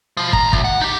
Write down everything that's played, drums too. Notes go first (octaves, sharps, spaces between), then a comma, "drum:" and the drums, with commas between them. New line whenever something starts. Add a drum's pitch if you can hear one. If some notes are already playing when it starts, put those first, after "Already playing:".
B2 F3
B1 A#5, drum: kick
D2, drum: kick
F#5
D#4 G4